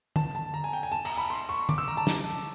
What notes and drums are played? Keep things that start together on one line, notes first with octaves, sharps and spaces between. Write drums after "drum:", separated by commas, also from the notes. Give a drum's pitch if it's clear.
A5, drum: tom D3
A5
A#5
G#5
G5
G#5
A5
A#5, drum: cymbal
B5
C6
C#6
D6, drum: tom D3
E6
A#5
A5
drum: snare